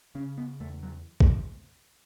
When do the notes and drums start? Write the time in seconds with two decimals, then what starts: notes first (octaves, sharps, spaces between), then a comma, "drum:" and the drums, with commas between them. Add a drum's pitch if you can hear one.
0.15 C#3 C#4
0.38 B3
0.60 E2 A3
0.83 F#3
1.20 drum: kick